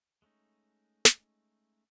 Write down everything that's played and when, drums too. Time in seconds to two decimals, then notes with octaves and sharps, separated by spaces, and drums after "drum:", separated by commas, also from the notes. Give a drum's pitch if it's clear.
0.22 G#3 A3 C#4 D#4
1.05 drum: snare